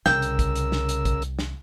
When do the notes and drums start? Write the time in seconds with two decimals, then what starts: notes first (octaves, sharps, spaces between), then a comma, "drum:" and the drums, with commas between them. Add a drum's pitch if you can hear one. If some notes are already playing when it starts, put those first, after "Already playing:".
0.06 C2 C#3 A#4 G5 E6, drum: snare
0.22 drum: hi-hat
0.39 drum: kick, hi-hat
0.56 drum: hi-hat
0.72 drum: snare
0.89 drum: hi-hat
1.05 drum: kick, hi-hat
1.22 drum: hi-hat
1.39 drum: snare